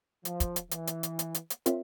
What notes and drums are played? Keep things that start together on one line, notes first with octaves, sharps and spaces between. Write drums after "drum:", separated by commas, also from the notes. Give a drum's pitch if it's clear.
F3, drum: hi-hat
drum: kick, hi-hat
drum: hi-hat
E3, drum: hi-hat
drum: hi-hat
drum: hi-hat
drum: hi-hat
drum: hi-hat
drum: hi-hat
C4 F4 A#4 C#5 E5, drum: hi-hat